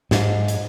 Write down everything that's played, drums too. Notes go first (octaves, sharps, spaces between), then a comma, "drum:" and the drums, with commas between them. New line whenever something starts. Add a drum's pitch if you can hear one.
G#2, drum: snare
drum: hi-hat